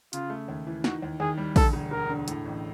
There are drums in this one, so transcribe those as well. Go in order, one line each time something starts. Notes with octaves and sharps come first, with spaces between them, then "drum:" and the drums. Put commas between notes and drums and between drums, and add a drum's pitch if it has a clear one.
C#3 F4, drum: hi-hat
A3
D#2
E3
D#3 F#4, drum: snare
D#2
D#2 G#4
G3
D2 A4, drum: kick, open hi-hat
E1
E1 A#4
D3
A2, drum: hi-hat
A1